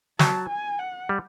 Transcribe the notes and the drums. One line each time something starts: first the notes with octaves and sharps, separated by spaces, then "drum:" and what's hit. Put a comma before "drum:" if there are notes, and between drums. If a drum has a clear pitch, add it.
F#3 A5, drum: snare
G#5
F#5
G3